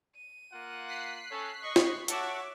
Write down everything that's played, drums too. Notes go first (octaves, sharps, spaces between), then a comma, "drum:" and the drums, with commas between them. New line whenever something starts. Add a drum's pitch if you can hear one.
D#7
A#3 F4 F#5
F#6 B6 C7
C#4 A4 C#5
D#5 C#6
drum: snare
F#4 A4 C#5 E5 F#5 D6, drum: hi-hat